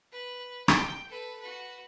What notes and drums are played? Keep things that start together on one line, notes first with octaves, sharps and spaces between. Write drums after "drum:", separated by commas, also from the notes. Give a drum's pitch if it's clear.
B4
G5, drum: rim click
A4 B4
F#4 B4